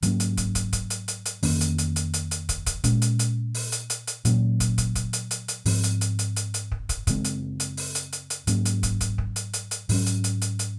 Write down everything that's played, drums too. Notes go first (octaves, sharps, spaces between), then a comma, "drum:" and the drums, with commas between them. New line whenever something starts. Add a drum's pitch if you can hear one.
G#2 F#3 A#3 C#4, drum: hi-hat
drum: hi-hat
drum: kick, hi-hat
drum: kick, hi-hat
drum: kick, hi-hat
drum: hi-hat
drum: hi-hat
drum: hi-hat
F2 D#3 A#3 C#4, drum: open hi-hat
drum: hi-hat
drum: hi-hat
drum: hi-hat
drum: hi-hat
drum: hi-hat
drum: kick, hi-hat
drum: kick, hi-hat
A#2 G#3 C#4, drum: kick, hi-hat
drum: hi-hat
drum: hi-hat
drum: open hi-hat
drum: hi-hat
drum: hi-hat
drum: hi-hat
A#2 F#3 A#3 C#4, drum: hi-hat
drum: kick, hi-hat
drum: kick, hi-hat
drum: kick, hi-hat
drum: hi-hat
drum: hi-hat
drum: hi-hat
G#2 F3 C4, drum: open hi-hat
drum: hi-hat
drum: hi-hat
drum: hi-hat
drum: hi-hat
drum: hi-hat
drum: kick
drum: kick, hi-hat
F#2 C#3 G#3 C4, drum: kick, hi-hat
drum: hi-hat
drum: hi-hat
drum: open hi-hat
drum: hi-hat
drum: hi-hat
drum: hi-hat
G#2 F#3 A#3 C#4, drum: hi-hat
drum: hi-hat
drum: kick, hi-hat
drum: kick, hi-hat
drum: kick
drum: hi-hat
drum: hi-hat
drum: hi-hat
G#2 F#3 C#4, drum: open hi-hat
drum: hi-hat
drum: hi-hat
drum: hi-hat
drum: hi-hat